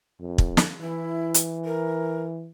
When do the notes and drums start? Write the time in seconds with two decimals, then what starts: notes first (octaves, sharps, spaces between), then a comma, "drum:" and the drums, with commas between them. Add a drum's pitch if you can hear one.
0.21 F2
0.38 drum: kick
0.57 drum: snare
0.80 E3 E4
1.34 drum: hi-hat
1.65 A#4